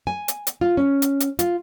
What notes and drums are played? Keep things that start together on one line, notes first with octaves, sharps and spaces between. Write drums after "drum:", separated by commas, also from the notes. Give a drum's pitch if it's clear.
G#5
drum: hi-hat
drum: hi-hat
F4
C#4
drum: hi-hat
drum: hi-hat
F4, drum: hi-hat